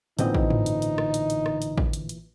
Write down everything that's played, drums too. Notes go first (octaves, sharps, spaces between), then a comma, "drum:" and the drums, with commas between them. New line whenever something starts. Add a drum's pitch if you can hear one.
A1 A#2 D3 E3 C4 D#4 D#5, drum: hi-hat
drum: kick
drum: tom
drum: hi-hat
drum: hi-hat
drum: rim click
drum: hi-hat
drum: hi-hat
drum: rim click
drum: hi-hat
drum: kick
drum: hi-hat
drum: hi-hat